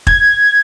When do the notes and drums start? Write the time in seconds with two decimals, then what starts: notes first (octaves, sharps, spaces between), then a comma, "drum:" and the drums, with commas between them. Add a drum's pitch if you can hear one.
0.07 G#6, drum: kick